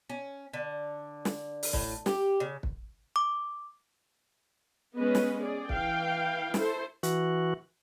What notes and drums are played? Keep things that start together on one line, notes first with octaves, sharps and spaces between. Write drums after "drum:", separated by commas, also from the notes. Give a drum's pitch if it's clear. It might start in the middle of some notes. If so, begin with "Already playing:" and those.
C#4
D3
drum: snare
drum: open hi-hat
A2, drum: kick
G4, drum: snare
C#3
drum: kick
D6
G#3 B3 C#4 B4 D#5
drum: snare
G#4 D5
E3 F5 G5, drum: kick
E4 A4 C5, drum: snare
E3 F#4, drum: hi-hat